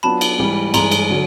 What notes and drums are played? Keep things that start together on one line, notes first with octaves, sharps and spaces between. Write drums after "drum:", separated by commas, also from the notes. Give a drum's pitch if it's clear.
F#3 B3 D4 F4 A5 B5
drum: cymbal
G#2 E3 G3
G2 E3 G#3 A#5 C6, drum: cymbal
drum: cymbal
D3 F#3